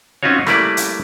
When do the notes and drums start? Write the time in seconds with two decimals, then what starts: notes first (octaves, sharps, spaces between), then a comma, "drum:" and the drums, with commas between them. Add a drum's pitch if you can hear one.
0.23 C4 C#4 D#4 F4 F#4 C#5
0.47 G3 A3 A#3 E4 B4 D5, drum: rim click
0.77 drum: hi-hat